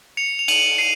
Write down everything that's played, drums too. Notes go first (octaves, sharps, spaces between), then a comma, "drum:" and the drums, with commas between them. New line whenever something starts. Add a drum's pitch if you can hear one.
C#7 F7
F7
D#7 F#7, drum: cymbal
C7 D#7